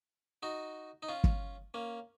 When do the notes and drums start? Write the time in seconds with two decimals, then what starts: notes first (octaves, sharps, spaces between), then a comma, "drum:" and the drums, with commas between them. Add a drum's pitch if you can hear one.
0.43 D#4 F#4
1.03 D#4
1.08 C#4 F4
1.24 drum: kick
1.74 A#3 C#4